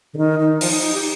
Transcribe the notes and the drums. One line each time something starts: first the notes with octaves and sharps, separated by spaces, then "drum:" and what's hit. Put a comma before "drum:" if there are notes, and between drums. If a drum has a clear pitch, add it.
D3
D#3
D#3
F3, drum: open hi-hat
D#4
D#4
G4